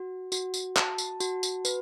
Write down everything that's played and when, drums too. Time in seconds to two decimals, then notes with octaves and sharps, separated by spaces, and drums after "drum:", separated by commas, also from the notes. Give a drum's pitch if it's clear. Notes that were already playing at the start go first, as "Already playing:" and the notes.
Already playing: F#4
0.32 F#4, drum: tambourine
0.54 drum: tambourine
0.76 A5, drum: clap
0.98 drum: tambourine
1.20 F#4, drum: tambourine
1.43 drum: tambourine
1.65 B4, drum: tambourine